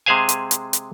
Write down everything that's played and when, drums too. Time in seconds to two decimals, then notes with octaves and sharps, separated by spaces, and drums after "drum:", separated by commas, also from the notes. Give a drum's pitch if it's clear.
0.06 C3 G#3 G#4 C5 F5 G#5
0.29 drum: hi-hat
0.51 drum: hi-hat
0.73 drum: hi-hat